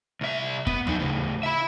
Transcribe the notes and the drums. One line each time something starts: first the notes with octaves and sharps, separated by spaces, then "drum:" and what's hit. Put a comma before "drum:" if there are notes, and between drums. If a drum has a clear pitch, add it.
C2 E5
B3, drum: kick
F#3 D#4, drum: tom D#2
A2 C#3
E5 B5